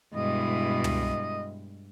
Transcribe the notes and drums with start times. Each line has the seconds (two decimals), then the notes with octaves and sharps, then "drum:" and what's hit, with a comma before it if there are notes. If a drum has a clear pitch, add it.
0.15 G2 B2 G#3 E4 D#5
0.84 drum: tom